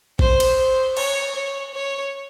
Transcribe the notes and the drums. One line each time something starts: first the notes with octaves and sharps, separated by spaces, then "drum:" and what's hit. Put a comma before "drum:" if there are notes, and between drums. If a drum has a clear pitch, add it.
C5, drum: kick A1
drum: cymbal
C5
C#5, drum: cymbal
C#5
C#5